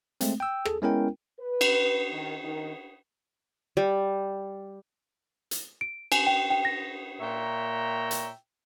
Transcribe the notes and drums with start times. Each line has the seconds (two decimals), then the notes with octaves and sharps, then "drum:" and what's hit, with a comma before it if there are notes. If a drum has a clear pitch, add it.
0.21 G#3 A3 C4, drum: hi-hat
0.40 G5 E6
0.65 G#4 A4, drum: rim click
0.82 G#3 B3 C#4 E4 A#4 G5
1.40 B4
1.61 drum: cymbal
2.11 D#3
2.44 D#3
3.77 G3
5.51 drum: hi-hat
5.81 D7
6.12 G#5, drum: cymbal
6.27 G5
6.50 G5
6.65 A#6
7.20 A#2 C#5 E5 G5 A#5
8.11 drum: hi-hat